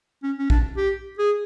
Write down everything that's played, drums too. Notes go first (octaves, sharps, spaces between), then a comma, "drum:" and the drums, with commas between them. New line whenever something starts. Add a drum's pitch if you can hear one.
C#4
C#4
D4, drum: kick A#1
G4
G#4